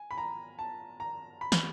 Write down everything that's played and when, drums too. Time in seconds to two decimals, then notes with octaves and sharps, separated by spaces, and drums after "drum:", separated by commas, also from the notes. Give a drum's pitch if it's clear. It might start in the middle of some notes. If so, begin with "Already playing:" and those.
Already playing: G#5
0.11 B5
0.18 A#5
0.59 A5
1.00 A#5
1.41 B5
1.52 drum: snare